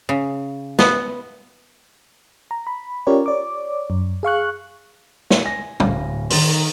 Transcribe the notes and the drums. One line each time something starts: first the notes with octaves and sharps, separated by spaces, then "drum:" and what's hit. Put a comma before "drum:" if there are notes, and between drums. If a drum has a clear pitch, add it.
C#3
B3, drum: snare
A#5
B5
C#4 F4 G4 A#4 C#5 D5
C#5 D5 D6
F#2
G#4 F5 C#6 F#6
drum: snare
G#5 A#6
D1 F5, drum: tom
D#3 C6 A6, drum: open hi-hat